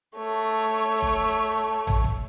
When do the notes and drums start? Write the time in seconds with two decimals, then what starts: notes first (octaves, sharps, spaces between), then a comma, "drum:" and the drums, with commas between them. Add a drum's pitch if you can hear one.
0.18 A3 C#5
1.02 drum: kick G1
1.87 drum: tom A1
2.04 drum: kick G1